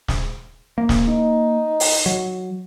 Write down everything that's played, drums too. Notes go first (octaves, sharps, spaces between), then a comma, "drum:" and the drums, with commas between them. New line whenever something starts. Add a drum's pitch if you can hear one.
drum: snare
A#3
drum: snare
D#4
drum: open hi-hat
F#3